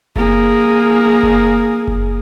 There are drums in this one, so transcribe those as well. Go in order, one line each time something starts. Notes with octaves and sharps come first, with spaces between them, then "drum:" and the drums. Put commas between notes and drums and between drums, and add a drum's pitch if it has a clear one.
A#3 G#4, drum: kick F#1
drum: kick F#1
drum: kick F#1